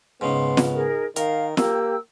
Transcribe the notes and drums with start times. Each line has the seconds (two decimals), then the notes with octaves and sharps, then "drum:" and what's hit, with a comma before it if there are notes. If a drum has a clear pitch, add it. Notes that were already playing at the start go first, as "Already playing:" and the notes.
0.21 G#2 C#3 B3 C6
0.57 drum: snare
0.73 D#4 G#4 A#4
1.16 D#3 A#4 F5, drum: hi-hat
1.57 A#3 G4 G5 E6, drum: snare